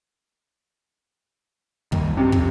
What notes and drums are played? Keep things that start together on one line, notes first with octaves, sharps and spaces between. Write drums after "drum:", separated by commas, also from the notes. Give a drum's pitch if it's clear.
D#3 G3 A#3, drum: kick
G2 C3 C4
F2, drum: kick